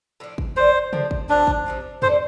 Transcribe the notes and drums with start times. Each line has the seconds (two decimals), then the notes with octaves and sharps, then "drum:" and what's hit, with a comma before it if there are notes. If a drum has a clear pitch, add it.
0.20 A2 F3 D4
0.38 drum: kick
0.56 D3 F3 D4 C5
0.93 D3 F3 D4, drum: tom C3
1.11 drum: kick
1.29 C3 F3 C4 D4 F4
1.47 drum: kick
1.65 C3 F3 C4 F4
2.02 G3 C4 A4 C5, drum: tom E2